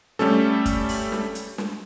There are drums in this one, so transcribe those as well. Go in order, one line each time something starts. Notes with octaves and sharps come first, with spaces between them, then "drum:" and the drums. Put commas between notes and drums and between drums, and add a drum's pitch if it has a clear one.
G3 A3 C#4 A4, drum: snare
drum: kick, hi-hat
drum: open hi-hat
drum: snare
drum: hi-hat
drum: snare